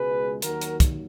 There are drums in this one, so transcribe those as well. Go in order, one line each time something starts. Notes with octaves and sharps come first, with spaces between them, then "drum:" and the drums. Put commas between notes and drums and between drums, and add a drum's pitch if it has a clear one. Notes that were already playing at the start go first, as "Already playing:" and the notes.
Already playing: C#2 B2 G#3 G#4 B4
D#2 D#3 F#3 F#4 A#4, drum: hi-hat
drum: hi-hat
drum: kick, hi-hat